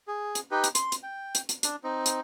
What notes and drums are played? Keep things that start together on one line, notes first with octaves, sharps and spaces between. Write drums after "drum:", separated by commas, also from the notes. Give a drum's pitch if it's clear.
G#4
drum: hi-hat
D#4 G4 B4
drum: hi-hat
C6, drum: hi-hat
drum: hi-hat
G5
drum: hi-hat
drum: hi-hat
D4, drum: hi-hat
C4 D#4
drum: hi-hat